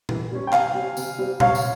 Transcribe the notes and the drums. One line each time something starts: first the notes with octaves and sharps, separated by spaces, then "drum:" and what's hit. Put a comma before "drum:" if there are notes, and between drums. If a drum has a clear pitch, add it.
E3, drum: tom A#2
G3 C#4
G5
C3 F5 G#5, drum: clap
G3 C4
C3, drum: tambourine
G3 C4
C3 C#5 F5, drum: tom A#2
drum: tambourine